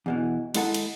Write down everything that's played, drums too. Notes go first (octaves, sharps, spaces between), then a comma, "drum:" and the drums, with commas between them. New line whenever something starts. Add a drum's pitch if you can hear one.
E2 B2 E3
D#2 G#3 E4 A4 F#5 A5, drum: cymbal
drum: cymbal